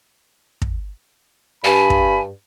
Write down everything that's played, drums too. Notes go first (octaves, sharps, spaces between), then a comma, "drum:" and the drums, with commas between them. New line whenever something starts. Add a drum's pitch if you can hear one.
drum: kick
G2 G#5 B5
drum: kick